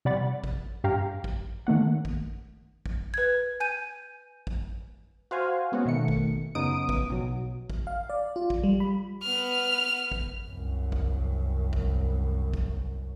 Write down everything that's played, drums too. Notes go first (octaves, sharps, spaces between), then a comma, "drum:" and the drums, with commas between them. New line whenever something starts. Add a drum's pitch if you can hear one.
C3 G3 D5 F#5 B5 A6
drum: kick
G2 G4 F5 G5 A#5
drum: kick
D#3 A3 A#3 F#5
drum: kick
drum: kick
B4 G#6
G#5 G6 D#7
drum: kick
F#4 C5 F5 G#5
G#3 B3 C#4 F#4
B2 D#3 A3 C#7
drum: kick
F#2 C#3 B3 D#4 D#6 D7
drum: kick
B1 F#3
drum: kick
F5
D5
F4
drum: kick
G3
B5
B3 F6
drum: kick
C2 F#2
drum: kick
drum: kick
drum: kick